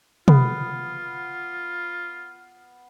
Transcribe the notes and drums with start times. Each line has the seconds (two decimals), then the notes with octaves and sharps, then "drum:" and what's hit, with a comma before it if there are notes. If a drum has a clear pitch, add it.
0.28 B3 F4, drum: tom